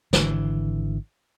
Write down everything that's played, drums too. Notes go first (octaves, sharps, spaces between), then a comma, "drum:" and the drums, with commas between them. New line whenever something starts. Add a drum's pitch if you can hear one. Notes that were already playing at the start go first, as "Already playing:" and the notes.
G#1 D3 E3, drum: snare